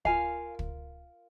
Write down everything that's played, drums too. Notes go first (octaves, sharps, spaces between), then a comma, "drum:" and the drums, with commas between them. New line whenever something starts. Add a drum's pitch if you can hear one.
F4 A#4 F5 G#5, drum: kick
drum: kick